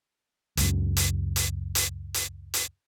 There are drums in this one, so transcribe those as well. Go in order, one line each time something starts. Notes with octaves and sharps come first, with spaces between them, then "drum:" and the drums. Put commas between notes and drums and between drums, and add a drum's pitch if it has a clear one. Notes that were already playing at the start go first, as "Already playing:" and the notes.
C#2 F#2, drum: hi-hat
drum: hi-hat
drum: hi-hat
drum: hi-hat
drum: hi-hat
drum: hi-hat